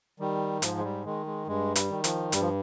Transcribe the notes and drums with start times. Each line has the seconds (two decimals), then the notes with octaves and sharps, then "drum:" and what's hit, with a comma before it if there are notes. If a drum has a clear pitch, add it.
0.20 D#3 G3
0.62 G#2 F3, drum: hi-hat
0.78 G#3
0.84 G3
1.05 D#3 G#3
1.26 G#3
1.47 G2 G#3
1.76 G3, drum: hi-hat
1.90 D#3
2.04 F3, drum: hi-hat
2.32 G2 G3, drum: hi-hat
2.41 F3